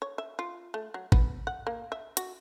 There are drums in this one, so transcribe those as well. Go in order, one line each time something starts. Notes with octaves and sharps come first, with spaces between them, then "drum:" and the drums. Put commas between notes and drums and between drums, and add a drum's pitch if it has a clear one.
C#5
E5
F4
A3
F#3
B3, drum: kick
F#5
A#3
E5
F#4, drum: hi-hat